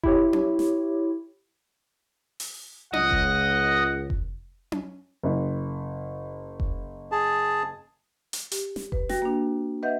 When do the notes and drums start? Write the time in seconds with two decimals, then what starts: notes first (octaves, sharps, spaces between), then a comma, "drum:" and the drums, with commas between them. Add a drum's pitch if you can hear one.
0.04 E4 G4 C#5, drum: kick F1
0.33 drum: tom C#4
0.59 drum: snare
2.40 drum: open hi-hat
2.93 C#2 D#5 F#5, drum: tom C#4
3.11 drum: kick F1
4.10 drum: kick F1
4.72 drum: tom C#4
5.23 F#1
6.60 drum: kick F1
7.12 G#4 A5
8.33 drum: hi-hat
8.52 G4, drum: hi-hat
8.76 drum: snare
8.92 B4, drum: kick F1
9.09 F#4 G5 A#6, drum: snare
9.22 A#3 D4
9.83 B4 D#5 E5 F#5 G6